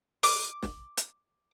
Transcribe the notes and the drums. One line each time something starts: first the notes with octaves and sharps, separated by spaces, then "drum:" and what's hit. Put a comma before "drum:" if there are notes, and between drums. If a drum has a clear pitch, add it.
D6, drum: open hi-hat
drum: snare
drum: hi-hat